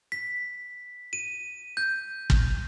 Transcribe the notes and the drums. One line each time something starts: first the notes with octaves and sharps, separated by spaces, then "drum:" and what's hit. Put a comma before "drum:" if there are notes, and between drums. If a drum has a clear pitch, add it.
B6
D#7
G6
drum: kick